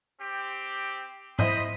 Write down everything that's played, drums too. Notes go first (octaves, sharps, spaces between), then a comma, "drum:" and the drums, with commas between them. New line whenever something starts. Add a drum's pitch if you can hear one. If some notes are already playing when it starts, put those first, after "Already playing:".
C4 G4
E4 C5 D#5 B5 D#6, drum: tom G#2